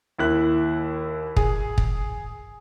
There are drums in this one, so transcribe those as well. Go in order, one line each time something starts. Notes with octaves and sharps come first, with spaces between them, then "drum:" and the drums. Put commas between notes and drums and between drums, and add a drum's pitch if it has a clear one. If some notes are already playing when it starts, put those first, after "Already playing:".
D#2 E4 F#6
G#4, drum: kick
drum: kick